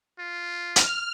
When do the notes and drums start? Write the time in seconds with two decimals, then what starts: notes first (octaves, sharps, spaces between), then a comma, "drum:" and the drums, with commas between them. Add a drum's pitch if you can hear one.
0.19 F4
0.76 F6, drum: hi-hat